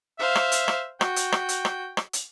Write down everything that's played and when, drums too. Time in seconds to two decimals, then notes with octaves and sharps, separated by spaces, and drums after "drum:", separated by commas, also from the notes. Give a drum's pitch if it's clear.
0.19 C5 E5 F5
0.35 drum: rim click
0.52 drum: hi-hat
0.68 drum: rim click
1.01 F#4 G5, drum: rim click
1.16 drum: hi-hat
1.32 drum: rim click
1.49 drum: hi-hat
1.65 drum: rim click
1.97 drum: rim click
2.13 drum: hi-hat